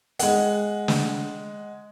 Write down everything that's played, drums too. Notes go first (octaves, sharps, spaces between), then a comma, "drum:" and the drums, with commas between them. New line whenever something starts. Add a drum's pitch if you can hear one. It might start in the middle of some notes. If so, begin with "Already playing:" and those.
G#3 F#5, drum: hi-hat
drum: snare